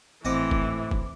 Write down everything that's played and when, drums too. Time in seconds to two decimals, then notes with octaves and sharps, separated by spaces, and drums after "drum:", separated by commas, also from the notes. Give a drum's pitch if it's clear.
0.25 G#1 A2 E3 C4 D#5 F#5 D6
0.51 drum: kick
0.91 drum: kick